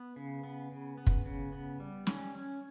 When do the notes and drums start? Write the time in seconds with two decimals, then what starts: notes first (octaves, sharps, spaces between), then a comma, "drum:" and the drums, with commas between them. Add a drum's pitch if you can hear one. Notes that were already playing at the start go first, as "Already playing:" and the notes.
Already playing: B3
0.16 C#3
0.43 B3
0.72 C#3
0.98 B3
1.07 drum: kick
1.25 C#3
1.53 B3
1.80 G3
2.07 C#4, drum: snare
2.35 C#4